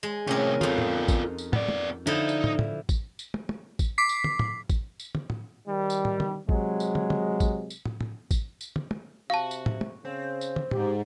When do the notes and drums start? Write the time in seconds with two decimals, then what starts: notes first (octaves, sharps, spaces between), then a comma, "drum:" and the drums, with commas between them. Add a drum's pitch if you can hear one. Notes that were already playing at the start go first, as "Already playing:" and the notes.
0.03 G#3
0.27 A2 C3 C#4 A#4
0.61 F2 B3 D#4 F4, drum: tom
0.78 drum: tom
1.08 drum: kick A1, tambourine
1.38 drum: tambourine
1.53 B3 D5, drum: tom
1.69 drum: tom
2.07 D3 F3 D#4 E4
2.29 drum: tambourine
2.44 drum: tom
2.59 drum: tom
2.89 drum: kick A1, tambourine
3.19 drum: tambourine
3.34 drum: tom
3.49 drum: tom
3.79 drum: kick A1, tambourine
3.98 D6 B6 C7
4.09 drum: tambourine
4.24 drum: tom
4.39 drum: tom
4.69 drum: kick A1, tambourine
5.00 drum: tambourine
5.15 drum: tom
5.30 drum: tom
5.68 D#3 G3
5.90 drum: tambourine
6.05 drum: tom
6.20 drum: tom
6.49 C3 F#3 G#3, drum: kick A1
6.80 drum: tambourine
6.95 drum: tom
7.10 drum: tom
7.40 drum: kick A1, tambourine
7.70 drum: tambourine
7.85 drum: tom
8.01 drum: tom
8.31 drum: kick A1, tambourine
8.61 drum: tambourine
8.76 drum: tom
8.91 drum: tom
9.30 C3 F#4 F5 A5
9.51 drum: tambourine
9.66 drum: tom
9.81 drum: tom
10.05 C#3 C4
10.41 drum: tambourine
10.56 drum: tom
10.71 G#2 G4, drum: tom